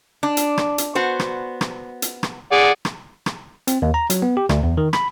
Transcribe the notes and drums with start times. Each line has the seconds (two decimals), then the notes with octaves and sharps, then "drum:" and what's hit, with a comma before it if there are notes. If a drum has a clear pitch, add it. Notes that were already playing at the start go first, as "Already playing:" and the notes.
0.23 D4
0.37 drum: hi-hat
0.58 drum: rim click
0.78 drum: hi-hat
0.95 B3 F#4 C5
1.20 drum: rim click
1.61 drum: rim click
2.02 drum: hi-hat
2.23 drum: rim click
2.52 G#4 D5 F#5
2.85 drum: rim click
3.26 drum: rim click
3.67 C4, drum: hi-hat
3.82 D#2
3.94 A#5
4.10 F#3, drum: hi-hat
4.22 B3
4.37 G4
4.49 D2, drum: rim click
4.63 E2
4.77 D#3
4.93 B5, drum: rim click